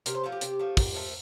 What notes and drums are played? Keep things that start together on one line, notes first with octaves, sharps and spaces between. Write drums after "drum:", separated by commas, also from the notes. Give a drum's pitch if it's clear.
C3 A#4, drum: hi-hat
C5
F3 A3 A4
G4
C3, drum: hi-hat
F3 A3
A#2, drum: kick, open hi-hat
F3 A3